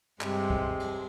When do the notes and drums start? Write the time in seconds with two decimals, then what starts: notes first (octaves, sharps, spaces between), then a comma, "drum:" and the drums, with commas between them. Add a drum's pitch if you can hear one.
0.21 G2 C3 G#3, drum: clap
0.50 drum: kick
0.80 drum: cymbal